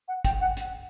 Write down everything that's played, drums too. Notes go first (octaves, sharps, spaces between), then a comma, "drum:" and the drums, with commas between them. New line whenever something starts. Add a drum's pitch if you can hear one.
F#5
G5, drum: kick, hi-hat
F#5
drum: hi-hat